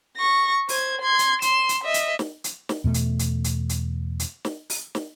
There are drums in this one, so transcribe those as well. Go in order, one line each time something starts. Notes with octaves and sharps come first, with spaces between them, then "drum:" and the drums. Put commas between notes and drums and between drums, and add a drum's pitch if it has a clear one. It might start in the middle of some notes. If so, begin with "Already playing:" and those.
C#6 A#6
C5 G#6, drum: open hi-hat
C6 G#6
drum: hi-hat
C6 E7, drum: hi-hat
drum: hi-hat
D#5 E5
drum: hi-hat
drum: snare
drum: hi-hat
drum: snare
E2 B2 A3
drum: hi-hat
drum: hi-hat
drum: hi-hat
drum: hi-hat
drum: hi-hat
drum: snare
drum: open hi-hat
drum: snare